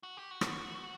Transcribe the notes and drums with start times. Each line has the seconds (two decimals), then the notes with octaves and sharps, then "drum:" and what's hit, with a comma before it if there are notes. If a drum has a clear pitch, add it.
0.03 F#4
0.17 G4
0.31 F#4
0.41 drum: rim click